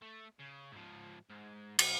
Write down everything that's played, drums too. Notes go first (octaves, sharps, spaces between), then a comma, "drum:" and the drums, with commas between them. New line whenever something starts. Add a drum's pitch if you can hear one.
A3
C#3
G#2 F3
G#2
B1, drum: cymbal